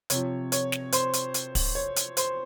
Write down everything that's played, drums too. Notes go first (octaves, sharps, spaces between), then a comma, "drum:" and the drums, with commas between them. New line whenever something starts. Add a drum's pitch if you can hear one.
C3 F3 C#5, drum: hi-hat
C#5, drum: hi-hat
drum: snare
C5, drum: hi-hat
drum: hi-hat
drum: hi-hat
drum: kick, open hi-hat
C#5
drum: hi-hat
C5, drum: hi-hat